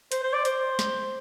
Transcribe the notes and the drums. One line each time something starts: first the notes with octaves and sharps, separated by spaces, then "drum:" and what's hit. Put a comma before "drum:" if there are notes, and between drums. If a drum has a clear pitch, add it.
C5, drum: hi-hat
C5
D5
C5, drum: hi-hat
drum: snare